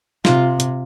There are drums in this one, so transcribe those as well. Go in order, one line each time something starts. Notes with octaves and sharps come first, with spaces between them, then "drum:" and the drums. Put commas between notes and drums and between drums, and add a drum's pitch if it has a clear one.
C3 F4, drum: snare
drum: hi-hat